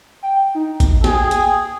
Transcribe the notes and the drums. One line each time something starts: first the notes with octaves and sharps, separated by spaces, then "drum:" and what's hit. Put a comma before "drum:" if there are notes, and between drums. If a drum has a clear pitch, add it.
G5
D#4
drum: kick A1, hi-hat
G#4 G5, drum: snare
drum: hi-hat